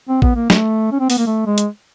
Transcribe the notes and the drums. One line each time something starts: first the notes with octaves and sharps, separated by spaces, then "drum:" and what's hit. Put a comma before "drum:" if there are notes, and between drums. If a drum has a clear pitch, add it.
C4
B3, drum: kick A1
A#3
A3, drum: snare
C#4
C4
B3, drum: open hi-hat
A#3
A3
G#3
drum: hi-hat